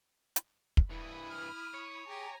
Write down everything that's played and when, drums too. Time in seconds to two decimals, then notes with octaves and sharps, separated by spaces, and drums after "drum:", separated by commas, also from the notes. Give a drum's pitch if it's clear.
0.36 drum: hi-hat
0.77 drum: kick
0.90 G2 E3 E4 B5 D#6
1.30 F6
1.74 C#5
2.07 G4 G#4 G#5 A#5